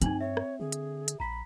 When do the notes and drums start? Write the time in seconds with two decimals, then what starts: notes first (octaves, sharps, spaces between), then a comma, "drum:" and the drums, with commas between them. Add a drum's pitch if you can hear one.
0.02 G2 C4 D#4 G#5 F#7, drum: hi-hat
0.21 C#5 E5
0.37 drum: rim click
0.60 D3 G#4
0.72 drum: hi-hat
1.08 drum: hi-hat
1.20 A#1 A#5 B5 B6